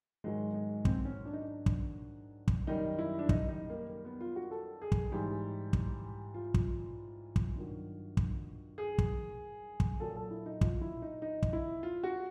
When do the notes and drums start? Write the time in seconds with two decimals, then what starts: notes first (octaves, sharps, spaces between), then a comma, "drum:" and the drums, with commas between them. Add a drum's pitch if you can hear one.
0.24 G#2 D#3 F#3 G#3
0.54 G#3
0.85 C4, drum: kick
1.05 C#4
1.25 D4
1.33 D#4
1.41 D4
1.66 drum: kick
2.48 drum: kick
2.67 F#2 D#3 G3 D#4
2.98 E4
3.19 D4
3.29 D#4, drum: kick
3.49 D#4
3.70 A#3
3.90 A#3
4.05 B3
4.21 F4
4.36 F#4
4.51 A4
4.82 G#4
4.92 drum: kick
5.12 G#2 E3 G3 G4
5.73 drum: kick
6.34 F4
6.54 drum: kick
7.36 drum: kick
7.56 G2 D#3 F#3
8.17 drum: kick
8.78 G#4
8.98 drum: kick
9.80 drum: kick
10.00 A#2 F#3 A4
10.16 A4
10.31 E4
10.46 D#4
10.61 F4, drum: kick
10.81 E4
11.02 D#4
11.22 D#4
11.43 drum: kick
11.53 E4
11.83 F4
12.03 F#4